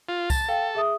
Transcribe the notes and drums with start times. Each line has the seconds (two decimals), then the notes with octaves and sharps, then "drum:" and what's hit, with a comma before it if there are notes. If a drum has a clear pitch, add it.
0.09 F4
0.30 A5, drum: kick C2, tambourine
0.48 A4 F5 G5
0.75 G#4 E5 D#6